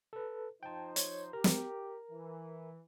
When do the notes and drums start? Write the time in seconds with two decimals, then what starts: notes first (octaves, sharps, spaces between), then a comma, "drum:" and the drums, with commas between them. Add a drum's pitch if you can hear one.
0.13 A4 B4
0.63 F3 D#4 C5 G5 A5
0.96 C#5, drum: hi-hat
1.33 G4 A#4 A#5
1.44 drum: snare
2.12 E3